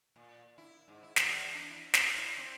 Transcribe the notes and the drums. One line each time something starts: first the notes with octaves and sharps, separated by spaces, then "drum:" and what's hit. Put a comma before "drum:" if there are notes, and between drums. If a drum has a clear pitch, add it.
A#2
E4
G#2
E4
E2, drum: snare
D4
E4
D5, drum: snare
E4
C4